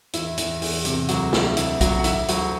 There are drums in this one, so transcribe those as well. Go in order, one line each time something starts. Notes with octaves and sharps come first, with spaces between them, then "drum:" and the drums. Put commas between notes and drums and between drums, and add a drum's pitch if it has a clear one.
E2 E4, drum: hi-hat
E2, drum: hi-hat
E2, drum: open hi-hat
C3, drum: hi-hat
D2 F#3 F#4, drum: hi-hat
D2 E4, drum: snare
D2 E4, drum: hi-hat
D2 F#3 F#4, drum: kick B1, hi-hat
F#5
D3 E4 E5, drum: hi-hat
D2 F#3 F#4, drum: hi-hat